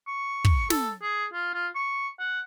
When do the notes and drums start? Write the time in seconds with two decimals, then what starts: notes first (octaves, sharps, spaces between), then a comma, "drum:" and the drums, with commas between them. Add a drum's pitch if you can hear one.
0.07 C#6
0.45 drum: kick
0.70 A4, drum: snare
1.02 G#4
1.33 F4
1.54 F4
1.75 C#6
2.19 F#5